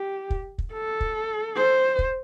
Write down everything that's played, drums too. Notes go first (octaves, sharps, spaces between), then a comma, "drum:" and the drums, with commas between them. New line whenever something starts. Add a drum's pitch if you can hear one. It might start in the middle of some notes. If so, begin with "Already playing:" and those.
Already playing: G4
drum: kick
drum: kick
A4
drum: kick
C5
drum: kick